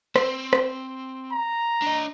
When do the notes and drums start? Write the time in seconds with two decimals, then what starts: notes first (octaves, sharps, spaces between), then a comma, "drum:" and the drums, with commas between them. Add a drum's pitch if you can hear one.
0.16 C4, drum: rim click
0.53 drum: rim click
1.31 A#5
1.82 D4 D#5